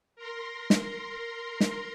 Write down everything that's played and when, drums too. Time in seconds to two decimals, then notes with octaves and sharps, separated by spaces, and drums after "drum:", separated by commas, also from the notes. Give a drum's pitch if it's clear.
0.16 A#4 A#5 C6
0.70 drum: snare
1.60 drum: snare